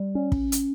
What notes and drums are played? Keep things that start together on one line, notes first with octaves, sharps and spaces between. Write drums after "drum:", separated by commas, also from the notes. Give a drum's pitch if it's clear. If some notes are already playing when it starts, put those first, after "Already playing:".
Already playing: G3
C#4
drum: kick
drum: hi-hat